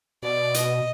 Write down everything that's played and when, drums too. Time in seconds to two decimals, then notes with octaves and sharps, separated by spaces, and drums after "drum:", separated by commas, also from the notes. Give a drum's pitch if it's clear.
0.23 B2 D5
0.54 D#5, drum: hi-hat